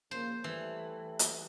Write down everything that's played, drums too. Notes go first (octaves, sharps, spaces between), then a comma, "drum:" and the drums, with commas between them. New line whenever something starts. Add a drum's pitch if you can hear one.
C#3 F3 A#3 C5
E3 G3 A3
drum: hi-hat